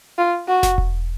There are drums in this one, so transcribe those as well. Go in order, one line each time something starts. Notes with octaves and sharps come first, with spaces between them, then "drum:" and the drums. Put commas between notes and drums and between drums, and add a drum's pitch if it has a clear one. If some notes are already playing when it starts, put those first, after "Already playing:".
F4
F#4
drum: snare F1
drum: kick E1